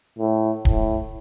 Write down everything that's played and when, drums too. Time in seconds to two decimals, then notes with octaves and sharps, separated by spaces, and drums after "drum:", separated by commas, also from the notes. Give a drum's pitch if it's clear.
0.19 A2
0.65 A2, drum: kick D1